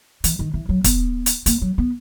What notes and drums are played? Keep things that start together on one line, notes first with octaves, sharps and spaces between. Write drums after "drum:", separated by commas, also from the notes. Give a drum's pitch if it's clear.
E3, drum: hi-hat
D#3
E3
F#3
B3, drum: kick, hi-hat
drum: hi-hat
A#3, drum: hi-hat
F#3
B3